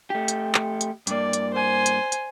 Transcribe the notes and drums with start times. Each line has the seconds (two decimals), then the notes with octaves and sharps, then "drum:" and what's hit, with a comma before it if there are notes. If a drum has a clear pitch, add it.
0.10 A3 G4
0.28 drum: hi-hat
0.55 drum: clap
0.81 drum: hi-hat
1.07 G2 A#3 D5, drum: hi-hat
1.33 drum: hi-hat
1.54 C5 G#5
1.86 drum: hi-hat
2.12 drum: hi-hat